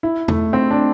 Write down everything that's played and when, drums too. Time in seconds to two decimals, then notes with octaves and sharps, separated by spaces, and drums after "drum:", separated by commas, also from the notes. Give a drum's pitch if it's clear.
0.03 E4
0.28 A3, drum: tom E2
0.53 C4
0.71 D4